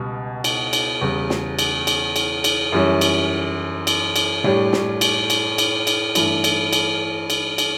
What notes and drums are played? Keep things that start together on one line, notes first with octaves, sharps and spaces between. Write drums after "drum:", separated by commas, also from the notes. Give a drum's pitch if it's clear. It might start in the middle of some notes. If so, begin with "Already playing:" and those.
Already playing: C#2 B2 G3
drum: cymbal
drum: cymbal
E2 C#3 G3
drum: snare
drum: cymbal
drum: cymbal
drum: cymbal
drum: cymbal
F#2 E3 G3 C#4
drum: cymbal
drum: cymbal
drum: cymbal
A2 G3 D4 G4 C#5, drum: tom A2
drum: snare
drum: cymbal
drum: cymbal
drum: cymbal
drum: cymbal
G2 E3 A3, drum: cymbal
drum: cymbal
drum: cymbal
drum: cymbal
drum: cymbal